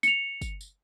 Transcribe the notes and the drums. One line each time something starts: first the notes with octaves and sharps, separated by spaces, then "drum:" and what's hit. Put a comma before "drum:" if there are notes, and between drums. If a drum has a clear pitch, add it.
C#7 F7, drum: tambourine
drum: kick G1, tambourine
drum: tambourine